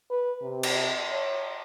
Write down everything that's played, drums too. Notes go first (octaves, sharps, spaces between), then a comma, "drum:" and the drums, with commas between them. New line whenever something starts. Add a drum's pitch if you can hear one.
B4
C3
drum: cymbal
C#5